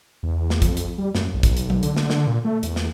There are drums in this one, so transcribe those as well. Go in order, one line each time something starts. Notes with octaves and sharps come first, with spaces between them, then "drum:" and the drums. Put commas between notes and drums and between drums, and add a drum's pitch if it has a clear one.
E2
drum: snare
F2, drum: kick, hi-hat
drum: hi-hat
G3
F#2, drum: snare
B1
drum: kick, hi-hat
drum: hi-hat
drum: tom F#3
D3, drum: hi-hat
drum: snare
drum: snare
A#2
A3
E2, drum: hi-hat
drum: snare